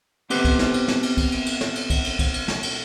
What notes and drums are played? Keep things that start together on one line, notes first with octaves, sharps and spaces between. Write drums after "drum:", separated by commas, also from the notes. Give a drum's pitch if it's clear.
B3 C4 G4 B4 C5, drum: cymbal
drum: kick, cymbal
drum: snare
drum: cymbal
drum: snare
drum: cymbal
drum: kick, cymbal
drum: cymbal
drum: cymbal
drum: snare
drum: cymbal
drum: kick, cymbal
drum: cymbal
drum: kick, cymbal
drum: cymbal
drum: snare
drum: cymbal